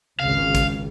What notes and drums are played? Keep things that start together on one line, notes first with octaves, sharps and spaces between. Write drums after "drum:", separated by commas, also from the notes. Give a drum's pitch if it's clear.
G#1 C#2 C#3 F5
drum: kick, hi-hat